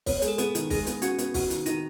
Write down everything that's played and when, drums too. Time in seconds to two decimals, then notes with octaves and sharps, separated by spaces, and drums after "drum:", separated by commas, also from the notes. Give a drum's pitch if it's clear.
0.06 B3 C#5, drum: kick, open hi-hat
0.17 C#5
0.22 G#3, drum: hi-hat
0.28 A4
0.38 B3 G#4, drum: hi-hat
0.55 D#3, drum: hi-hat
0.70 G#3 D#4, drum: kick, open hi-hat
0.86 B3, drum: hi-hat
1.02 C#4 F#4, drum: hi-hat
1.18 B3, drum: hi-hat
1.34 F#4, drum: kick, open hi-hat
1.50 D#3, drum: hi-hat
1.66 D#3 D#4, drum: hi-hat